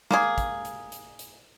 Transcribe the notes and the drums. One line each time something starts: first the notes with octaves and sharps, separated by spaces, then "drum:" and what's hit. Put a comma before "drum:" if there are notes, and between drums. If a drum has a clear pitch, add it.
A#3 G#4, drum: snare
drum: kick, hi-hat
drum: hi-hat
drum: hi-hat
drum: hi-hat